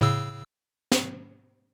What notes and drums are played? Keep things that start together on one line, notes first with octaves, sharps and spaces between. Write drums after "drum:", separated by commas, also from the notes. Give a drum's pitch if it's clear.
A2 C#3 E6
drum: snare